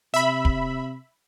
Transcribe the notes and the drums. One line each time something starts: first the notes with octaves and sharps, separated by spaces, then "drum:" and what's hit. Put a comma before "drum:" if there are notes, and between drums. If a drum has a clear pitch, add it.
C3 E5 B5
drum: kick